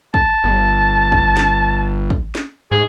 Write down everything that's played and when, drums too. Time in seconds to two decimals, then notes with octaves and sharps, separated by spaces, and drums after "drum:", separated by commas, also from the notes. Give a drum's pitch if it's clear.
0.14 A5, drum: kick
0.44 G1
1.12 drum: kick
1.37 drum: snare
2.10 drum: kick
2.35 drum: snare
2.71 G#2 G#4